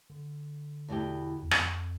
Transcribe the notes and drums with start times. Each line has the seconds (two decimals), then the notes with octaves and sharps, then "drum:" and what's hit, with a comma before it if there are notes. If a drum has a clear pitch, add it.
0.10 D3
0.88 E2 B2 A3 E4 G4
1.42 E2
1.51 F2, drum: rim click